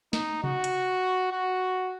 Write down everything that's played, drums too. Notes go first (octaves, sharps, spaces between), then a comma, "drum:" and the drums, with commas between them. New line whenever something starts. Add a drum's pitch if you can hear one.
D#4, drum: snare
F#4, drum: tom C3
drum: hi-hat
F#4